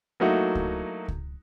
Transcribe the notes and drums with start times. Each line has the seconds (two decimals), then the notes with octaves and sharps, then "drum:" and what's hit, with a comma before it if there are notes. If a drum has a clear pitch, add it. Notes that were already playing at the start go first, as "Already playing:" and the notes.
0.20 F#3 A3 A#3 D#4 E4 F#4
0.55 drum: kick C#2
1.08 drum: kick C#2